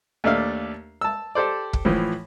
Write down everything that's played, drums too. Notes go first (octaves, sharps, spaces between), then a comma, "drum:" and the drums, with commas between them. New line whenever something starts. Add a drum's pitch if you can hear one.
D#2 A3 D4 E5 F5
A5 E6
G4 A4 C5 D5
drum: kick
A2 E3 F3